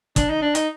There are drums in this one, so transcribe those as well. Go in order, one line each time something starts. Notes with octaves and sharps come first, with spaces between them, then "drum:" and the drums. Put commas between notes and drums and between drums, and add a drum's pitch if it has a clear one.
D4, drum: kick, hi-hat
D#4
D4
D#4, drum: hi-hat